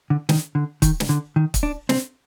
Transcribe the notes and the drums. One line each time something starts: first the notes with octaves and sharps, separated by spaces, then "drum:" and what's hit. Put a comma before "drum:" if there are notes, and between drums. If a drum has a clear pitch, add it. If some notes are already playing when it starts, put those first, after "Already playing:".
D3
D#3, drum: snare
D3
D#3, drum: kick, hi-hat
drum: snare
D3
D#3
drum: kick, hi-hat
D4
C4, drum: snare